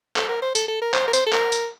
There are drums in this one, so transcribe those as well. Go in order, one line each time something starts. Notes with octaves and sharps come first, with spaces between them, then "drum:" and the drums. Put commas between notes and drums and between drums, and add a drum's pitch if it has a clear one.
A4, drum: clap
A#4
C5
A4, drum: tambourine
A4
A#4
C5, drum: clap
A#4
C5, drum: tambourine
A4
A#4, drum: clap
drum: tambourine